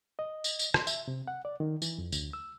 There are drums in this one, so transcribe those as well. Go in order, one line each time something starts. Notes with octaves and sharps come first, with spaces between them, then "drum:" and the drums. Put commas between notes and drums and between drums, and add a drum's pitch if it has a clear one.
D#5
drum: tambourine
drum: tambourine
C6, drum: rim click
E5, drum: tambourine
C3
F#5
D5
D#3
E3, drum: tambourine
F2
D2, drum: tambourine
E6